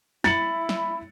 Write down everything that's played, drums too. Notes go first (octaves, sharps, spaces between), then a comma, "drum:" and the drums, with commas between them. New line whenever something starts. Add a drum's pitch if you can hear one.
E4 A6 C#7 F#7, drum: snare
drum: snare